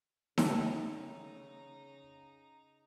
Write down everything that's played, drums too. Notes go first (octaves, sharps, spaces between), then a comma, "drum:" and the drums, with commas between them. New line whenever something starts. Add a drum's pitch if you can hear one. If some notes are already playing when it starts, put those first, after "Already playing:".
C#3 D#4 A4 D5 G5 A5 A#5 E6, drum: snare D#4